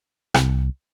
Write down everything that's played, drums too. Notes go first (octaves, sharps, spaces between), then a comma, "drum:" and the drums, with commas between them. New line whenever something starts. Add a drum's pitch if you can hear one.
C2, drum: rim click